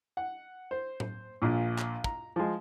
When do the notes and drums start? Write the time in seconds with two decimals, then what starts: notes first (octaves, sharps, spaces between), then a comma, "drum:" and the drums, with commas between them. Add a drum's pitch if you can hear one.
0.17 F#5
0.71 C5
1.00 drum: tom A2
1.42 A#1 A#2
1.78 drum: clap
2.04 A#5, drum: kick
2.36 F3 G#3